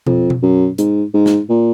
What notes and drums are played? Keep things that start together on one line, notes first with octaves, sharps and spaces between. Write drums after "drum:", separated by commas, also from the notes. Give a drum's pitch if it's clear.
F2, drum: tom B2
drum: tom B2
F#2
G#2, drum: hi-hat
G#2
drum: snare
A#2